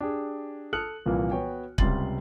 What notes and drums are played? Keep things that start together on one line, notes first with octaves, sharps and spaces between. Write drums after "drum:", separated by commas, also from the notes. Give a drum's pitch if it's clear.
D4 G4 G#4
A4 D#6 F6 F#6 C#7 F#7
C2 A#2 E3 F3 G3 A#3
B3 F#4 C#5 G5 G#5
C#2 C3 G3 C6 A6 F#7, drum: kick